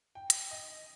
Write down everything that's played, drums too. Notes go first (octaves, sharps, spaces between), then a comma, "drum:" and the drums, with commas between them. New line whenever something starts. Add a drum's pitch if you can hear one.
G5
drum: hi-hat
D#5